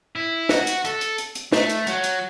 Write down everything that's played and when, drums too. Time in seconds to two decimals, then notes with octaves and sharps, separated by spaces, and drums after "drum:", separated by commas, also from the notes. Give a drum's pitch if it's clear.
0.16 E4
0.49 F#4, drum: snare
0.67 drum: hi-hat
0.85 A4, drum: hi-hat
1.01 drum: hi-hat
1.18 drum: hi-hat
1.35 drum: hi-hat
1.52 A3, drum: snare
1.70 drum: hi-hat
1.87 F#3, drum: hi-hat
2.04 drum: hi-hat